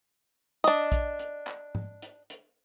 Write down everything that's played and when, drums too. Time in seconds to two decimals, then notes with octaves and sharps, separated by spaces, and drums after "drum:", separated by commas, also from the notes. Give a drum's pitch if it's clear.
0.64 D4 D#5, drum: hi-hat
0.92 drum: kick A#1, hi-hat
1.19 drum: hi-hat
1.47 drum: clap
1.75 drum: tom G#2
2.02 drum: hi-hat
2.30 drum: hi-hat